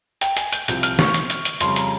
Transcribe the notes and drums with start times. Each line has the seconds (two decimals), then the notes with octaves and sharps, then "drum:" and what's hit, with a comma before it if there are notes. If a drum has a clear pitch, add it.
0.21 G5, drum: hi-hat
0.37 G#5, drum: hi-hat
0.53 G6, drum: hi-hat
0.68 C2 C3 F3 G6, drum: hi-hat
0.83 F6, drum: hi-hat
0.99 C#6, drum: snare
1.14 drum: hi-hat
1.30 drum: hi-hat
1.45 drum: hi-hat
1.61 F2 C#3 G3 C6, drum: hi-hat
1.76 A#5, drum: hi-hat